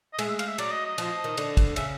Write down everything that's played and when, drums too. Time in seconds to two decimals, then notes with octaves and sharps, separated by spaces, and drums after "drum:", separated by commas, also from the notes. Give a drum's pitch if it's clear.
0.13 D#5
0.19 G#3 E5, drum: cymbal
0.29 E5
0.39 F5, drum: cymbal
0.48 E5
0.58 F#3 D5, drum: cymbal
0.72 D#5
0.85 D#5
0.98 F3, drum: cymbal
1.24 D#3
1.37 D3, drum: cymbal
1.57 drum: kick, cymbal
1.76 C#3 E5, drum: cymbal